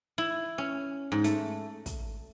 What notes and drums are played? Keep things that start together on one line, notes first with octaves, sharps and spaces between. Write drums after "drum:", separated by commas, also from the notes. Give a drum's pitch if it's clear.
E4
C#4
G#2
A3, drum: hi-hat
drum: kick, hi-hat